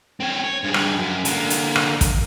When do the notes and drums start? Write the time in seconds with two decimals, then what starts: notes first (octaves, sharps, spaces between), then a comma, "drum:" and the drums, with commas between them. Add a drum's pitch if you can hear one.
0.20 C4 C#5
0.44 C#5
0.64 G2 G#4
0.74 drum: rim click
0.98 F#2
1.25 D3 A#3, drum: hi-hat
1.50 drum: hi-hat
1.76 drum: rim click
2.01 drum: kick, hi-hat